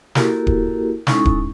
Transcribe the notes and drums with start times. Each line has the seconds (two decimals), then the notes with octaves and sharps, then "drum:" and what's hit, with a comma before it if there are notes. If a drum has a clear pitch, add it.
0.15 A#3 E4 F#4 G4 A4 A#4, drum: snare
0.47 drum: kick D1
1.07 G#3 C#4 D#4 E4 A4 C#6, drum: snare
1.25 drum: kick D1